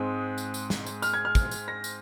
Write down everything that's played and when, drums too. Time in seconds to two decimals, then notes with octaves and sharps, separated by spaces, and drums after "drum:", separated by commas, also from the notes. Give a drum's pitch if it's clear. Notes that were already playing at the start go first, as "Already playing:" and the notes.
Already playing: G#2 G#3 C4 D#6
0.38 drum: tambourine
0.54 drum: tambourine
0.70 drum: snare
0.86 drum: tambourine
1.02 F6, drum: tambourine
1.14 G#6
1.25 F6
1.35 drum: kick, tambourine
1.51 drum: tambourine
1.68 A#6
1.84 drum: tambourine